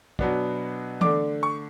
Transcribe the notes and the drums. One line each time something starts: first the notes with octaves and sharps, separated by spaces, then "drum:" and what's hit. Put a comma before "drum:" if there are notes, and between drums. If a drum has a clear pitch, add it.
B2 F#3 B3 D4, drum: kick
D3 A3 D4 D6, drum: tom E3
C#6